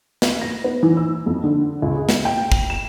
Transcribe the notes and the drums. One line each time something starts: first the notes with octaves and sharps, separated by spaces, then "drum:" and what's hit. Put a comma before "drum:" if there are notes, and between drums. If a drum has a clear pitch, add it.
drum: snare
A#6
B3
E3
E6
F2
D3
C#2
G#4
G#3, drum: snare
G5
F7, drum: kick
E7